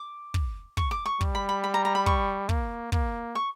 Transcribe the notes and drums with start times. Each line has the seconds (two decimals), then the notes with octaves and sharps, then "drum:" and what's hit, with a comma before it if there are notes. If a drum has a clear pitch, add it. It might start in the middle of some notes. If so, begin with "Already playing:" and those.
Already playing: D6
0.34 drum: kick
0.77 C#6, drum: kick
0.91 D6
1.06 C#6
1.21 G3, drum: kick
1.35 B5
1.49 B5
1.64 B5
1.74 A#5
1.85 A#5
1.95 B5
2.06 C#6, drum: kick
2.49 A#3, drum: kick
2.92 A#3, drum: kick
3.35 C#6